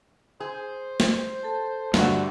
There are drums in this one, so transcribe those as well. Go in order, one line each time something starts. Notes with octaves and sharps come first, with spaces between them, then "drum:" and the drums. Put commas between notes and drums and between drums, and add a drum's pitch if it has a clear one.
G#4 C5
drum: snare
A4 A5
G2 D3 A3 F#4 F5 B5, drum: snare